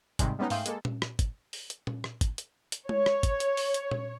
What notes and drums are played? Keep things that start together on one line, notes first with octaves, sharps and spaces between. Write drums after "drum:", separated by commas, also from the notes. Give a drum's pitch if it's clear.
G#2 C3 D#3 G3 G#3, drum: kick, hi-hat
G3 G#3 B3 C#4 D#4
G#2 A3 F5 G5 C6 D#6, drum: open hi-hat
G#3 A#3 A4, drum: hi-hat
drum: tom A#2
drum: rim click
drum: kick, hi-hat
drum: open hi-hat
drum: hi-hat
drum: tom A#2
drum: rim click
drum: kick, hi-hat
drum: hi-hat
drum: hi-hat
C#5, drum: tom G#3
drum: rim click
drum: kick, hi-hat
drum: hi-hat
drum: open hi-hat
drum: hi-hat
drum: tom A#2